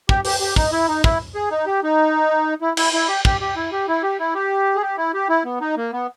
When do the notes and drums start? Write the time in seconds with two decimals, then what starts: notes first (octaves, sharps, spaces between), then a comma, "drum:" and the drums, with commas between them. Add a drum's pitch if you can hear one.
0.09 G4, drum: kick
0.25 G4, drum: open hi-hat
0.40 G4
0.56 D#4, drum: kick
0.72 E4
0.88 D#4
1.04 E4, drum: kick
1.35 G#4
1.51 D#4
1.66 G4
1.83 D#4
2.62 E4
2.77 E4, drum: cymbal
2.93 E4
3.08 G4
3.25 G4, drum: kick
3.41 G4
3.56 E4
3.72 G4
3.88 E4
4.03 G4
4.20 E4
4.35 G4
4.76 G#4
4.82 G4
4.97 E4
5.14 G4
5.29 E4
5.45 B3
5.61 D#4
5.77 A#3
5.93 B3